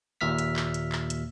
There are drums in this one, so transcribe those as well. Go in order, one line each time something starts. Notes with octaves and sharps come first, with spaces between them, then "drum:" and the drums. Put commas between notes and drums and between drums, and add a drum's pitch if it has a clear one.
D#2 A#2 E5 F6 B6
drum: hi-hat
drum: clap
drum: hi-hat
drum: clap
drum: hi-hat